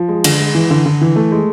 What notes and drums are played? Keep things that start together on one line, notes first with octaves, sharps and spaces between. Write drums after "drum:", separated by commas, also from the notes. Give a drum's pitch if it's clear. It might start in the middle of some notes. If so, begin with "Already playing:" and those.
Already playing: F3
G#3
D3, drum: cymbal
G#3
E3
D3
D3
E3
A3
G#3